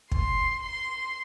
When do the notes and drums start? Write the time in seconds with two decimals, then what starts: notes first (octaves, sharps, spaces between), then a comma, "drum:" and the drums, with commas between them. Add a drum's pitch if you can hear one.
0.12 C6, drum: kick
0.63 C6